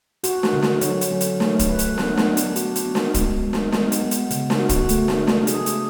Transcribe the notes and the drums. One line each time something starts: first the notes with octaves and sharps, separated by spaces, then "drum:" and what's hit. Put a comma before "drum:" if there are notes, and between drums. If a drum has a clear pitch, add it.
F#4, drum: hi-hat
drum: snare
D3
drum: snare
F#3, drum: hi-hat
drum: hi-hat
C#4
drum: hi-hat
A3, drum: snare
drum: kick, hi-hat
B4
drum: hi-hat
B3, drum: snare
drum: snare
D4
drum: hi-hat
F#4, drum: hi-hat
drum: hi-hat
B3
drum: snare
G#3, drum: kick, hi-hat
G#3
drum: snare
B3, drum: snare
drum: hi-hat
B3
drum: hi-hat
C#3, drum: hi-hat
drum: snare
F#4
drum: kick, hi-hat
A3, drum: hi-hat
drum: snare
D4
drum: snare
G#4, drum: hi-hat
drum: hi-hat